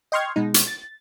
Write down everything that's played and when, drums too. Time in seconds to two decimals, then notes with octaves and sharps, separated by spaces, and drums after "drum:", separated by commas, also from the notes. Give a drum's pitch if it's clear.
0.12 D#5 G5 C6 C#6 F6 G#6
0.36 B2 G#3 D#4
0.54 drum: hi-hat
0.67 A6